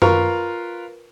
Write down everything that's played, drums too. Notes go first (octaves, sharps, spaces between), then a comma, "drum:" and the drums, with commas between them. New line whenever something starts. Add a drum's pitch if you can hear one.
F4 A#4 B4 F5 C#6, drum: tom F#2